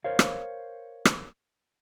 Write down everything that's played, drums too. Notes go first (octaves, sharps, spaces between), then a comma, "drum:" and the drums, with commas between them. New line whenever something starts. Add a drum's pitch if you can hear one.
A#4 C5 C#5 F5
drum: rim click
drum: rim click